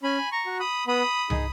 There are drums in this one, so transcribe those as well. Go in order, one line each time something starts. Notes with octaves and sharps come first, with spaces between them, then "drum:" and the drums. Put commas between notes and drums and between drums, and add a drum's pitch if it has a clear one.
C#4 G#5 B5
A#5 C#6
F#4
B5 D#6
B3 B5 D#6
D#4 G#4, drum: tom